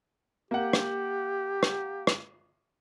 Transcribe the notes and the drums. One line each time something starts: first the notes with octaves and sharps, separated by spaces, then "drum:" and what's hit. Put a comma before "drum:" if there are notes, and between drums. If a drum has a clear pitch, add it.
A#3 G4 F#5
drum: rim click
drum: rim click
drum: rim click